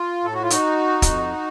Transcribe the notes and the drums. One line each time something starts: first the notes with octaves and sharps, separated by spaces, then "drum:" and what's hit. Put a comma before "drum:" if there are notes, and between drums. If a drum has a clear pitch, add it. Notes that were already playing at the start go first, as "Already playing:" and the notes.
Already playing: F4
A2 A4
F#4
F4
D#4 F#4, drum: hi-hat
F2, drum: kick, hi-hat